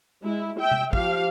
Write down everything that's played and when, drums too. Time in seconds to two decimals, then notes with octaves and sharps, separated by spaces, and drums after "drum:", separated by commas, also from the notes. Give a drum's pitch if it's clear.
0.23 G#3 E4
0.60 E5 G5
0.72 drum: tom C3
0.93 F3 G4 F5, drum: kick